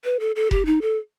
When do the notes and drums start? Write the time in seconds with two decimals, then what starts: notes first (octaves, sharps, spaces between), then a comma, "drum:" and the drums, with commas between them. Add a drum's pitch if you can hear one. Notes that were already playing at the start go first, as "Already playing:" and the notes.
0.04 B4
0.20 A4
0.36 A4
0.51 G4, drum: kick F1
0.66 D#4
0.82 A4